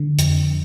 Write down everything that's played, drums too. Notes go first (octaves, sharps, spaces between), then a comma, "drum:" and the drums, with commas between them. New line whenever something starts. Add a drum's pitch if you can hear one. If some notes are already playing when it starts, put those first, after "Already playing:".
Already playing: D3
F2, drum: hi-hat